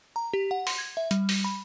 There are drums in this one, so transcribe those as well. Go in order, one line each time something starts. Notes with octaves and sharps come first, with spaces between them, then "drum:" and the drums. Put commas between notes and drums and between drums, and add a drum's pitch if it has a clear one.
A#5
G4
F#5
C6, drum: open hi-hat
G#6
E5
G3, drum: hi-hat
drum: open hi-hat
B5